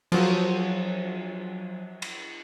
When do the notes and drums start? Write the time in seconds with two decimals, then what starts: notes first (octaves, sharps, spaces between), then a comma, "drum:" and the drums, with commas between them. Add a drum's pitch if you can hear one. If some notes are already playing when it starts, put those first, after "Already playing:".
0.12 F3 F#3, drum: cymbal
2.02 drum: cymbal